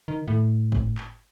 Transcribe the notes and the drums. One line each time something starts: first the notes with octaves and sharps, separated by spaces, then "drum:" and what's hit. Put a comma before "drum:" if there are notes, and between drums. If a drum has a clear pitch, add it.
D#3
A2
drum: kick
drum: clap